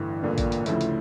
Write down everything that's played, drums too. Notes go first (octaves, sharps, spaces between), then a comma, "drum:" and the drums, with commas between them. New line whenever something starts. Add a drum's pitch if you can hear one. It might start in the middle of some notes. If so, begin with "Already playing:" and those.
Already playing: A1 G2 D3 E3
A1 G2 A#2 D3
drum: kick A1, hi-hat
drum: hi-hat
D2 A2 C#3 F3 A3 E4, drum: hi-hat
drum: hi-hat